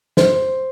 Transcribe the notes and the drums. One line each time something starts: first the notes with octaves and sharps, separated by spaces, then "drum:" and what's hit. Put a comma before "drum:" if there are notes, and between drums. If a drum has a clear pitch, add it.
C5, drum: snare